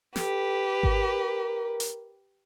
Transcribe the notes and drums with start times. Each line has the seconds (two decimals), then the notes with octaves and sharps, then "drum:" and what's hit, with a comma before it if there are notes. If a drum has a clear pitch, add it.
0.16 G4 A4 B4, drum: snare
0.83 A#4, drum: kick G#1
1.80 drum: hi-hat